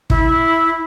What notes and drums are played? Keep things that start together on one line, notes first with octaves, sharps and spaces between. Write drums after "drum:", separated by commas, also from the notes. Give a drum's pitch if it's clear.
E4, drum: kick